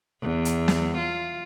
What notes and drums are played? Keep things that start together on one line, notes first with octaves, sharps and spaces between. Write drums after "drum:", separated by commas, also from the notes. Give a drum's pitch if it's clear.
E2
drum: hi-hat
drum: snare
F4